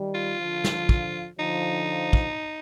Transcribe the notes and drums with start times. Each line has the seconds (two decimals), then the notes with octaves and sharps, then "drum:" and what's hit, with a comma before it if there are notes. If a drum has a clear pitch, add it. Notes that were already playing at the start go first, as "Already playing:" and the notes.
Already playing: D#3 G3
0.15 F4
0.39 D3 F3
0.64 drum: snare
0.89 drum: kick
1.39 D3 F3 D#4
2.13 drum: kick